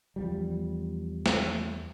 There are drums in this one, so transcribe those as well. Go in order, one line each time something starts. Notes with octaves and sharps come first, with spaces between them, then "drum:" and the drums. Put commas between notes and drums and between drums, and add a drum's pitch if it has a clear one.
E2 F3 G3
drum: snare